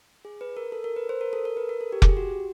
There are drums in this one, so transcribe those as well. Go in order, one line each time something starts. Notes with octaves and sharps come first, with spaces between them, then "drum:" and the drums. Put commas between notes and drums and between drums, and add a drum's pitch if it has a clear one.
G#4
B4
A#4
A4
A#4
B4
C5
A#4
A4
A#4
B4
A#4
A4
G4
G#4, drum: kick F1
G4
F#4